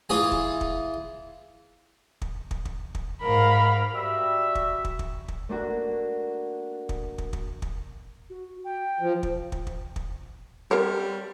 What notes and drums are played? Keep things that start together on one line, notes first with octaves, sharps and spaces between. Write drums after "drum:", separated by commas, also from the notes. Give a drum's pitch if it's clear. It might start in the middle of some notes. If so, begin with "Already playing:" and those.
E3 F4 G#4 G#5
drum: kick
drum: kick
drum: kick
drum: kick
drum: kick
drum: kick
G#2 A#4 F5 B5
G3 F#4 E5
drum: kick
drum: kick
drum: kick
drum: kick
A3 A#3 D4 F#4
drum: kick
drum: kick
drum: kick
drum: kick
F#4
G5
F3
drum: kick
drum: kick
drum: kick
drum: kick
G3 C4 A#4 C#5